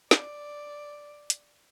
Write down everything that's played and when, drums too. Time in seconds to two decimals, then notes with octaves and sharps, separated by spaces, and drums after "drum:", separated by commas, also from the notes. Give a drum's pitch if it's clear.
0.11 D5, drum: snare
1.30 drum: hi-hat